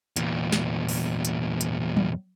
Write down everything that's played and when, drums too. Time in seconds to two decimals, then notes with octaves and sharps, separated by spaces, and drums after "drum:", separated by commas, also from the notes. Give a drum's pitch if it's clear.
0.16 E2 A#2, drum: hi-hat
0.52 drum: snare
0.89 drum: open hi-hat
1.25 drum: hi-hat
1.61 drum: hi-hat
1.97 drum: tom F#3